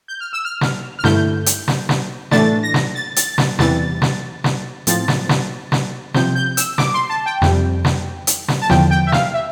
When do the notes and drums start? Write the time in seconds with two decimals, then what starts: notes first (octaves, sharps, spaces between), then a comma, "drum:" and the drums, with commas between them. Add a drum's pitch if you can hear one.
0.08 G6
0.20 F6
0.33 E6
0.45 F6
0.61 drum: snare
0.99 F6
1.04 G2 D3 A3 E4 G6, drum: snare
1.46 drum: hi-hat
1.68 drum: snare
1.89 drum: snare
2.31 A2 E3 A3 D4 A6, drum: snare
2.63 A#6
2.74 drum: snare
2.95 A6
3.16 A6, drum: hi-hat
3.38 drum: snare
3.59 E2 C3 E3 G3 A6, drum: snare
4.02 drum: snare
4.44 drum: snare
4.87 A2 F3 C4 A6, drum: hi-hat
5.08 drum: snare
5.29 drum: snare
5.72 drum: snare
6.14 C3 F3 C4 G6, drum: snare
6.35 G6
6.57 E6, drum: hi-hat
6.78 D6, drum: snare
6.94 C6
7.10 A5
7.26 G5
7.42 F2 C3 G3, drum: snare
7.85 drum: snare
8.27 drum: hi-hat
8.48 drum: snare
8.62 A5
8.69 E2 D3 F3 G5, drum: snare
8.91 G5
9.07 E5
9.12 F5, drum: snare
9.34 E5